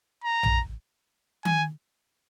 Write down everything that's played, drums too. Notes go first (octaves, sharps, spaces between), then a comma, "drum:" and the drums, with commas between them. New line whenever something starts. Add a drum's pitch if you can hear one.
A#5
drum: tom A#1
G#5, drum: tom D#3